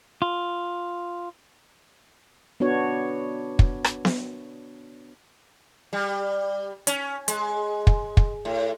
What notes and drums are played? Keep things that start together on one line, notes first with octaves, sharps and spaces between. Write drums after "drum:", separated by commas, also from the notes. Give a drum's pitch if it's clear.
F4
B3 D4 F#4 C#5
drum: kick
drum: rim click
drum: snare B3
G3
C#4, drum: hi-hat
G#3, drum: hi-hat
drum: kick
drum: kick
A2